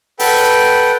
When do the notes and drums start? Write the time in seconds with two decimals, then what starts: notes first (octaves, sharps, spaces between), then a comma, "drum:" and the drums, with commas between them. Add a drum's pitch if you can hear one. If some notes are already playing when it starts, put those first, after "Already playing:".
0.19 A4 B4 F#5 G5, drum: open hi-hat